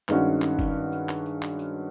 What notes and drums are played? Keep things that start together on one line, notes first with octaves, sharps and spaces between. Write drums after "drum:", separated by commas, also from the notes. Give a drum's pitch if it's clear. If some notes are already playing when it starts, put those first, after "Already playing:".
G2 D#3 G#3 C#4 F#4, drum: clap
drum: clap
drum: kick F#1, tambourine
drum: tambourine
drum: clap
drum: tambourine
drum: clap
drum: tambourine